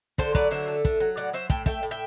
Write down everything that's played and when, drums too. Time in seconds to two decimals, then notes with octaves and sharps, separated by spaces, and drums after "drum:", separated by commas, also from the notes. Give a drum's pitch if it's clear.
0.18 D3 A4 C5, drum: kick
0.35 F#3 B4 D5, drum: kick
0.51 D3 C5 E5
0.68 A3
0.85 D3, drum: kick
1.00 F#3
1.17 A2 D5 F#5
1.33 F#3 C5 E5
1.50 A2 E5 G5, drum: kick
1.66 A3 E5 G5, drum: kick
1.83 A2
1.91 E5 G5